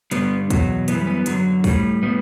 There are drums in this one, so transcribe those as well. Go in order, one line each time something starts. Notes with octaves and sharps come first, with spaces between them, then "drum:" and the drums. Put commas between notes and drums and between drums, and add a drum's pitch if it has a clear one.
G2 D3 G3 B3, drum: hi-hat
E2 B2 F#3, drum: kick, hi-hat
F#2 E3 G3 B3, drum: hi-hat
B3
F#2 D3 F#3, drum: hi-hat
A2 G3, drum: kick, open hi-hat
A2 G3 B3